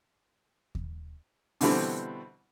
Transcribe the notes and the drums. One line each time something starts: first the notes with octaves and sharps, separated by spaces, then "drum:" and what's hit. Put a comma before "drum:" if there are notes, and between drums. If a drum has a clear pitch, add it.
drum: kick D#2
B2 D3 E3 G3 C4, drum: open hi-hat